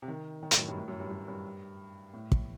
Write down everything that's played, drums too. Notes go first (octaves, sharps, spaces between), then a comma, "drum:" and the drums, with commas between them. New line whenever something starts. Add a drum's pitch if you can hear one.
C3
D#3
D#3
A2, drum: hi-hat
F#2
G2
A2
F#2
G2
F#2
G2
A2
drum: kick